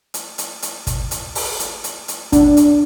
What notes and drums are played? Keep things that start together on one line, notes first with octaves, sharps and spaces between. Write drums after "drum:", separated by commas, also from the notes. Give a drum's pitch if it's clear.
drum: hi-hat
drum: hi-hat
drum: hi-hat
drum: kick, hi-hat
drum: hi-hat
drum: open hi-hat
drum: hi-hat
drum: hi-hat
drum: hi-hat
D4, drum: kick, hi-hat
drum: hi-hat